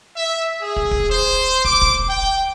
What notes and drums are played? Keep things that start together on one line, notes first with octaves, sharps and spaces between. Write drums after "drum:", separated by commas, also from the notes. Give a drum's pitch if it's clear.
E5
G#4
drum: kick
drum: kick
C5
D6, drum: kick
drum: kick
G5